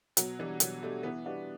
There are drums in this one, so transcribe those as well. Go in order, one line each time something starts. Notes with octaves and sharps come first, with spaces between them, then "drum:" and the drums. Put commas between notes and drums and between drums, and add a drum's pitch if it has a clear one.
B2 F#3, drum: hi-hat
E3 G3 D4
B2 F#3, drum: hi-hat
G3 A3 D4
E3 B3
G3 B3 D4 F#4